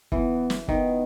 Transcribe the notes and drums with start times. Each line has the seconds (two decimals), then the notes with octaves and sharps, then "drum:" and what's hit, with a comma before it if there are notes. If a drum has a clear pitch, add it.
0.12 E3 B3, drum: kick
0.50 drum: snare
0.68 D#3 B3, drum: kick